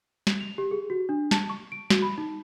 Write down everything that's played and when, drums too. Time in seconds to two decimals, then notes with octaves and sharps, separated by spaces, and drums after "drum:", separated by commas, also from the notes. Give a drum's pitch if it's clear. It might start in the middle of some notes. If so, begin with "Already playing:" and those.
0.27 drum: snare
0.40 F7
0.58 G4
0.71 G#4
0.90 F#4
1.09 D4
1.31 A5, drum: snare
1.50 C#6
1.72 D7
1.90 F#4, drum: snare
2.02 B5
2.18 D#4